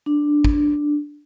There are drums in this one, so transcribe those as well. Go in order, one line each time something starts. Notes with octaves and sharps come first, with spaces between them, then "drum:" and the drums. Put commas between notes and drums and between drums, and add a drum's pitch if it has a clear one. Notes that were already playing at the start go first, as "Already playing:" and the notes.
D4
drum: kick